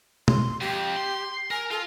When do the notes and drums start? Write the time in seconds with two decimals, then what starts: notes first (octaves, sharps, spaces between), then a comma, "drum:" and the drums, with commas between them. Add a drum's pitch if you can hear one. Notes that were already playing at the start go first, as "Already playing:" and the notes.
0.28 C6, drum: tom B2
0.61 F2 G4
0.97 C6
1.51 A#4 G#5
1.71 F4 A4